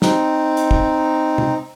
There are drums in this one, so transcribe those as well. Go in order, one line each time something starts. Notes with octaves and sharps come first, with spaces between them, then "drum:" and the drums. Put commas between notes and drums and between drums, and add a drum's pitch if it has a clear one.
C4 D#4, drum: snare
drum: hi-hat
drum: kick
drum: tom C3